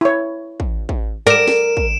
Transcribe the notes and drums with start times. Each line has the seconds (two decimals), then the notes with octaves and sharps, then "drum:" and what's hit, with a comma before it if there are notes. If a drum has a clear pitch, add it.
0.01 E4 C#5
0.60 drum: kick
0.89 drum: kick
1.27 A#4 D5 D7 E7
1.48 drum: snare
1.77 drum: kick